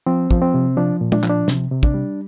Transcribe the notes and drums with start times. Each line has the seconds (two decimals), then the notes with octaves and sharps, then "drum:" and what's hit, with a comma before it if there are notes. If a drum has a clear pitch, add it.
0.07 F3 C4
0.31 F3, drum: kick
0.42 C4
0.54 C3
0.77 F3 D4
1.01 A#2
1.12 D4, drum: tom
1.24 F3, drum: clap
1.30 D4
1.48 C3, drum: snare
1.71 C3
1.83 D4, drum: kick
1.94 G3